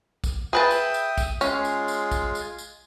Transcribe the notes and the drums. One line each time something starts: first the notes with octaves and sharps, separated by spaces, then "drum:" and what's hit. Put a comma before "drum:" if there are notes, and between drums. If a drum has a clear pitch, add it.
drum: kick, tambourine
G#4 B4 E5 G5 A5 D#6
drum: tambourine
drum: tambourine
drum: kick, tambourine
G#3 C#4 F4 G#4, drum: tambourine
drum: tambourine
drum: tambourine
drum: kick, tambourine
drum: tambourine
drum: tambourine